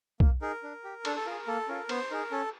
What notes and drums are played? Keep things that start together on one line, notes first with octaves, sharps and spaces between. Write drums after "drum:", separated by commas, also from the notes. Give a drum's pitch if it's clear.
A#3, drum: kick B1
D#4 G#4 A#4
D4
G4
D4 A4, drum: cymbal
A4
F4 G#4 A#4
A#3 A4
C#4 F4 A4 A#4
B3 C5, drum: cymbal
D#4 G#4 A#4
C#4 A4